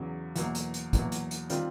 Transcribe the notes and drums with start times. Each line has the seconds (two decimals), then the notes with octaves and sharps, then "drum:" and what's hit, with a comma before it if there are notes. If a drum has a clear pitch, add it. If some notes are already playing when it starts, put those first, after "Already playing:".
Already playing: E2 C#3 F#3
0.36 E2 B2 F#3 A#3, drum: hi-hat
0.55 drum: hi-hat
0.74 drum: hi-hat
0.93 E2 B2 F#3 A#3, drum: kick, hi-hat
1.12 drum: hi-hat
1.31 drum: hi-hat
1.50 D#3 G3 C4 F4, drum: hi-hat